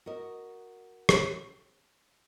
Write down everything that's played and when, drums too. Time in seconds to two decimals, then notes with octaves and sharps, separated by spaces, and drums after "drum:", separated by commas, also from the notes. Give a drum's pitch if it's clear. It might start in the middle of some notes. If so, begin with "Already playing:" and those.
0.06 F#4 A#4 D#5
1.09 drum: rim click